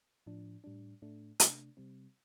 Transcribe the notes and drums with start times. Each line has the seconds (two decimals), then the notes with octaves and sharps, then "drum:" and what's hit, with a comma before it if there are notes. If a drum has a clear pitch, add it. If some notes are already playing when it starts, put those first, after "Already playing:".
0.26 A2 F3 D4
0.64 A2 G3 D4
1.02 A2 A3 D4
1.40 C3 A3 D4, drum: hi-hat
1.77 C3 G3 C4